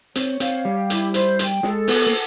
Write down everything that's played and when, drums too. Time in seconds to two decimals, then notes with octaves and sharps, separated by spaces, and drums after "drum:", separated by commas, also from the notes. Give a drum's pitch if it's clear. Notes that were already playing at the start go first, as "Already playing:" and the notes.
0.15 C4 C#5, drum: hi-hat
0.40 C4 F5, drum: hi-hat
0.65 G3 G4
0.90 E4, drum: hi-hat
1.14 C5, drum: hi-hat
1.39 G5, drum: hi-hat
1.63 G#3 A4, drum: snare
1.87 B3 F#5, drum: open hi-hat
2.06 A#3